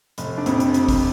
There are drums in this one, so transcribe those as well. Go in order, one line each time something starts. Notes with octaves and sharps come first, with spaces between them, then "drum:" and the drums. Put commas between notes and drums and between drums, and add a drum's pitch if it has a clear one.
F1, drum: hi-hat
D4
F2 C3 C4, drum: hi-hat
drum: hi-hat
drum: hi-hat
drum: kick, open hi-hat